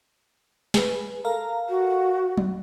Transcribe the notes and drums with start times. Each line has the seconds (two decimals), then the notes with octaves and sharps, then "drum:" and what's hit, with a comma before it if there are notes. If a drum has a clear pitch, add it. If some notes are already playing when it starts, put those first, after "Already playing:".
0.74 G#4 B4, drum: snare
1.25 A4 A#4 F5 A#5
1.69 F#4
2.38 drum: tom F#3